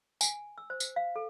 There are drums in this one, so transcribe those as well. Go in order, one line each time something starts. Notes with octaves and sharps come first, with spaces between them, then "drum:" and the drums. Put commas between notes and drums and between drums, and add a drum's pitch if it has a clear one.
G#5, drum: tambourine
E6
C5
drum: tambourine
F5
A4